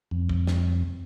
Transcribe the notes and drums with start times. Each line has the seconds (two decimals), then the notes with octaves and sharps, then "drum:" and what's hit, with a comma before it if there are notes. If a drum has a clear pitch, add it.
0.11 F2
0.29 drum: kick
0.47 drum: snare